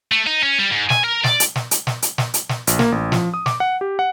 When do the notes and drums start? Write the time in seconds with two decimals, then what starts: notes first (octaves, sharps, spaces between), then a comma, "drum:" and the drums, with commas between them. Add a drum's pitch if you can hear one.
0.12 A3
0.27 D#4
0.43 C#4
0.59 G3
0.72 G#2
0.90 G#5, drum: snare
1.04 A#4
1.24 D5, drum: snare
1.40 drum: hi-hat
1.56 drum: snare
1.71 drum: hi-hat
1.87 drum: snare
2.02 drum: hi-hat
2.18 drum: snare
2.34 drum: hi-hat
2.49 drum: snare
2.67 A#1, drum: hi-hat
2.79 A#3, drum: snare
2.92 A1
3.12 F3, drum: snare
3.34 D#6
3.46 D6, drum: snare
3.60 F#5
3.81 G4
3.99 F#5